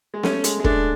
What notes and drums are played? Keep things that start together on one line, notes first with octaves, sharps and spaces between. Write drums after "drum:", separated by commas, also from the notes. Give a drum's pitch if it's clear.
G#3
A3 C#4, drum: snare
G#3, drum: hi-hat
G#3
A3 D4, drum: kick